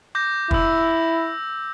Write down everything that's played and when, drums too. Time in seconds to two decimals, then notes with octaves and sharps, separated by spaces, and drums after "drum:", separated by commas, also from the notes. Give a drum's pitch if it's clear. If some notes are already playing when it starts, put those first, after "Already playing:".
0.15 D6 G6 A#6
0.51 E4 D6 E6, drum: kick